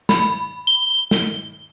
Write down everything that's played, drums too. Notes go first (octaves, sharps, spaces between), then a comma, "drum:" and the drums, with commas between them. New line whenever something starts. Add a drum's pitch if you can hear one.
B5, drum: snare
G7
drum: snare